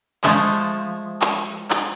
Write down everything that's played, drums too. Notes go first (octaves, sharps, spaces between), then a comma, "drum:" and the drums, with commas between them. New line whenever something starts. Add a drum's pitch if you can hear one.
F3 G#3 A3 D#5 E5, drum: clap
drum: clap
drum: clap